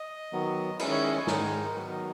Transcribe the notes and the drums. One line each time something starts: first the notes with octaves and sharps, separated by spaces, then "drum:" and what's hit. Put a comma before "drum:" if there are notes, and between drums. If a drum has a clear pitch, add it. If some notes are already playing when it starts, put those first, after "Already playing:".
Already playing: D#5
D#3 F#3 B3
D#3 G#3 C#4 E4 D#5, drum: cymbal
C#5
D#5
C#5
G#2 D#3 G#3 D#4 A#4, drum: snare
D#3 F#3 B3 B4
D#5